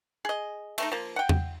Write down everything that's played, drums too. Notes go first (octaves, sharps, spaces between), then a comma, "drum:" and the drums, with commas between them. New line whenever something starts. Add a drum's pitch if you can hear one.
G#4 D#5
A3 C4 D#4, drum: cymbal
F3 A#3
F#5 G5
drum: tom E2